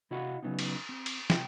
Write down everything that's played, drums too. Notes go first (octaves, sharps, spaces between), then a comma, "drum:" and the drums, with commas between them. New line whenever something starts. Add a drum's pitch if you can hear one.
C3 E4 F#4 D#5 F5 F#5
C#3 F#3 A#3 B3 C#4 D#4
drum: cymbal
C4
drum: cymbal
C2 C3 G5, drum: snare